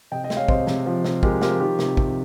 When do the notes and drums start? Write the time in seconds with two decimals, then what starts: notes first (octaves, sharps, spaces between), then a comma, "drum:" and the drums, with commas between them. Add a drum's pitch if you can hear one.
0.11 C3 D#5 G5
0.24 D#5 G5
0.30 G#3, drum: snare
0.36 C#5 F5
0.48 C3 C5 D#5, drum: kick
0.67 C3, drum: snare
0.86 F3
1.04 C3, drum: snare
1.23 G#3 G4 A#4, drum: kick
1.41 F3 G4 A#4, drum: snare
1.60 D#3 G4
1.79 C3, drum: snare
1.97 C3, drum: kick